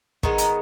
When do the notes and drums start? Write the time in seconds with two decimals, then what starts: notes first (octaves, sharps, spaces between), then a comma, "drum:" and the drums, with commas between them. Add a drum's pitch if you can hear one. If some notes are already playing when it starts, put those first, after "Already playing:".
0.23 D#3 G#3 B3 D#4, drum: kick
0.38 drum: hi-hat